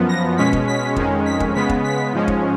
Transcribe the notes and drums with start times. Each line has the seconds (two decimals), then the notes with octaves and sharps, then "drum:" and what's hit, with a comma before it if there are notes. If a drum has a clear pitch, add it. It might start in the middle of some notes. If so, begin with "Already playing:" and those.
Already playing: F#2 F3 B3
0.09 A#6
0.38 B2 G#3 C#4 B6
0.53 drum: kick
0.67 B6
0.96 F2 D#3 G#3 C#4, drum: kick
1.26 B6
1.40 drum: kick
1.55 C#3 G#3 B3 B6
1.69 drum: kick
1.84 B6
2.13 G#2 F3 G#3 C#4
2.28 drum: kick